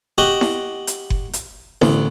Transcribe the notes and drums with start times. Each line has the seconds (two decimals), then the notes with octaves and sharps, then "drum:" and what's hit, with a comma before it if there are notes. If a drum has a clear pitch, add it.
0.18 F#4 G4 D#5
0.41 drum: snare E4
0.87 drum: hi-hat
1.10 drum: kick F#1
1.33 drum: hi-hat
1.82 A1 D2, drum: snare E4